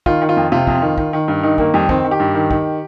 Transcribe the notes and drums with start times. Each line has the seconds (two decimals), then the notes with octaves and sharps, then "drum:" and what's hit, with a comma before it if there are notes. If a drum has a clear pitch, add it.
0.06 D#3 F4, drum: kick
0.22 D#3
0.29 F4
0.37 F2
0.52 C3 F4
0.67 F2, drum: kick
0.82 D#3
0.98 D#3, drum: kick
1.13 D#3
1.28 G2
1.43 D#3 D#4
1.58 D#3 A#3, drum: kick
1.74 F2 G3
1.89 D#3 C4, drum: kick
2.05 D#3
2.11 G4
2.20 G2
2.35 D#3
2.51 D#3, drum: kick